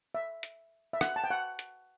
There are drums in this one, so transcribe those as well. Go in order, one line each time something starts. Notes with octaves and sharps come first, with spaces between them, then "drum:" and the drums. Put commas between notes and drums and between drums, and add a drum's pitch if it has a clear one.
E5
drum: hi-hat
E5
F#5, drum: rim click
A5
G5
F#5
drum: hi-hat